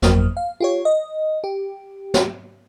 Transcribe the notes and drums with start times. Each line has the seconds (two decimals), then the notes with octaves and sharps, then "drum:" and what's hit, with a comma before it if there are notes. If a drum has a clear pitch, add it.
0.02 G1 F2 F#3 A#3 D#6 F6, drum: snare
0.37 F5
0.60 F4 G4 C#5
0.85 D#5
1.44 G4
2.14 drum: snare